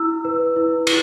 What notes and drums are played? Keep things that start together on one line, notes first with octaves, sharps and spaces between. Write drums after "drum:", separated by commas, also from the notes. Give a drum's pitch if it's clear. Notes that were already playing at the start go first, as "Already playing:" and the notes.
Already playing: E4 E6
B4
E4
E4, drum: cymbal